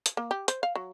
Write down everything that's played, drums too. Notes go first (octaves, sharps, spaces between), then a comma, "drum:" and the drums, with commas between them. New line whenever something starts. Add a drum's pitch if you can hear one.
drum: hi-hat
A#3
G4
C5, drum: hi-hat
F5
F#3